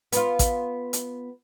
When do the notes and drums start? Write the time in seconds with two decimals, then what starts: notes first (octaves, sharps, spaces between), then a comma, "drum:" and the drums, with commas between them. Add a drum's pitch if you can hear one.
0.12 B3 F4, drum: hi-hat
0.39 drum: kick A1, hi-hat
0.93 drum: hi-hat